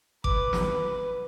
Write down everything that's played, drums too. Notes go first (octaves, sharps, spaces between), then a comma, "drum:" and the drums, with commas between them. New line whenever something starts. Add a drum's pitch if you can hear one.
B4 D6, drum: kick G#1
drum: snare